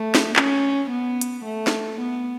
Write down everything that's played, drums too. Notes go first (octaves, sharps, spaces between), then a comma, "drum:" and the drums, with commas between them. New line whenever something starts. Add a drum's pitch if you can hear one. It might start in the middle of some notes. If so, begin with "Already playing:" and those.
Already playing: A3
drum: snare
C#4, drum: clap
B3
drum: hi-hat
A3
drum: snare
B3